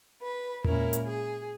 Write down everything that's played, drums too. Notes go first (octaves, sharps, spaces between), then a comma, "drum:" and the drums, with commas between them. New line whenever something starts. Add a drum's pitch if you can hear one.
B4
A#2 G#3 C#4 E4 A#4, drum: tom E2
drum: hi-hat
G#4